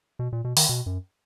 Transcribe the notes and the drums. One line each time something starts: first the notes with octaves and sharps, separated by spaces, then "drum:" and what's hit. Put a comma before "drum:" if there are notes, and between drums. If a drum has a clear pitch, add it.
B2
A#2
B2
D#3, drum: open hi-hat
B2
F#2